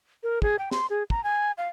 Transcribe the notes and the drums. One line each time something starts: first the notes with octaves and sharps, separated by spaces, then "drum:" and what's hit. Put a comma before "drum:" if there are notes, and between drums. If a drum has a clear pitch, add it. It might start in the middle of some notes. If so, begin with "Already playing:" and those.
A#4
G#4, drum: kick
G5
C6, drum: snare
G#4
A#5, drum: kick
G#5
F5